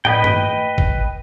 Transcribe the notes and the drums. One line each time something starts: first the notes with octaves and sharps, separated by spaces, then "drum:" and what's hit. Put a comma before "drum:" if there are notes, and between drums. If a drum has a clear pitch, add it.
B4 D#5 G5, drum: tom
drum: tom G2
drum: kick